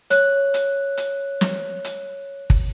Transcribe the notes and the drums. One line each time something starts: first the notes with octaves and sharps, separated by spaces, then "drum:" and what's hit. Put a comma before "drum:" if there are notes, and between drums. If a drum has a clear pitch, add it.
C#5 F#6, drum: hi-hat
drum: hi-hat
drum: hi-hat
drum: snare
drum: hi-hat
drum: kick